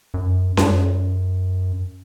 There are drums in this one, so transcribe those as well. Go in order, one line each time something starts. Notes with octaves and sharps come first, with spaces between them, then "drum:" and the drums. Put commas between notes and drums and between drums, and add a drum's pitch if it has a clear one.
F#2
F#2, drum: snare C#4